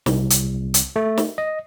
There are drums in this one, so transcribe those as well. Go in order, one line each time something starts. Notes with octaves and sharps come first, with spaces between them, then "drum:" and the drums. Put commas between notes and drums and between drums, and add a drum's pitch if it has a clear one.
C2, drum: snare
drum: hi-hat
drum: hi-hat
A3
drum: snare
D#5